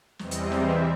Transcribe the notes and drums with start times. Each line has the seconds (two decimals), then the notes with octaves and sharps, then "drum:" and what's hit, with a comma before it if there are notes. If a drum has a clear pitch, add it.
0.19 E2 C3 E3 G3 C4 D#5, drum: snare
0.31 drum: hi-hat
0.52 E5, drum: snare